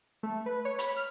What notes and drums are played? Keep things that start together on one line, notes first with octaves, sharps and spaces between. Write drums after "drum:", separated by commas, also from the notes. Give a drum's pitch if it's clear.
A3
B4
C#5
B5, drum: hi-hat
F6